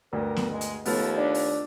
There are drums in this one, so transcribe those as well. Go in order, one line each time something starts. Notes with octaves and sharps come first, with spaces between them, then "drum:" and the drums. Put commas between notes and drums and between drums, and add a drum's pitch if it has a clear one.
D2 G2 A#4
drum: snare B3
G#3
drum: hi-hat
D#2 F3 A3 B3, drum: open hi-hat
D4
drum: open hi-hat